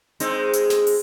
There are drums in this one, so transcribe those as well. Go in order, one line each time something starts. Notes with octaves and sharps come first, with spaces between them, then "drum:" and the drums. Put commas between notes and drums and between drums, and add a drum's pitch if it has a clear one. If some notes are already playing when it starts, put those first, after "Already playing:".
G#3 C4 D#4, drum: hi-hat
drum: hi-hat
drum: snare
drum: open hi-hat